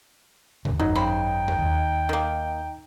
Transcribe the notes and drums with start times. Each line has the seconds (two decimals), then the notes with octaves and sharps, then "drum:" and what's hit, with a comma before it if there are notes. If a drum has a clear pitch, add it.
0.65 D#2 A#2 D3, drum: tom E2
0.80 G#1 F#2 F#3 D#4
0.96 C#3 C5 G5 B5
1.48 drum: tom E2
1.59 D#2
2.09 D#3 A#3